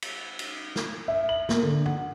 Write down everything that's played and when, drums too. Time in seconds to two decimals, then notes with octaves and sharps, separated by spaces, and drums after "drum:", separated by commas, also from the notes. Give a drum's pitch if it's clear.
0.02 drum: cymbal
0.39 drum: cymbal
0.76 drum: snare
1.08 E5
1.29 F#7
1.49 A#3, drum: snare
1.63 D3
1.86 F#5, drum: tom G2